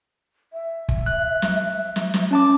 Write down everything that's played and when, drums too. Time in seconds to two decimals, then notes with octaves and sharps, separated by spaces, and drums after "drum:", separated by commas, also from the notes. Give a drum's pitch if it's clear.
0.53 E5
0.89 drum: kick
1.06 F#6
1.42 drum: snare
1.96 drum: snare
2.14 drum: snare
2.31 C#4 A5 D6